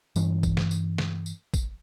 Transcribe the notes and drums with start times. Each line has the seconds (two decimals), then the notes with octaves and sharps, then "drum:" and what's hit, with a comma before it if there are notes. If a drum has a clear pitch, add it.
0.16 G2 E3 C#4, drum: tambourine
0.43 drum: kick A1, tambourine
0.57 drum: snare
0.71 drum: tambourine
0.98 drum: snare
1.26 drum: tambourine
1.54 drum: kick A1, tambourine